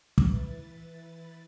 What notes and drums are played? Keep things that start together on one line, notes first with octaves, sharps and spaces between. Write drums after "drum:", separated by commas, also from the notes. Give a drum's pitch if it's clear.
E3 E4 B4 A6, drum: kick